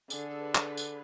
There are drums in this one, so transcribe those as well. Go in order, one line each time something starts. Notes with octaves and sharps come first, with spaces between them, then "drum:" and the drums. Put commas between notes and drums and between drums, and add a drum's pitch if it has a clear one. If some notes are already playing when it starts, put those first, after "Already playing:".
D3 G#4, drum: tambourine
A4
B4
B4, drum: clap
drum: tambourine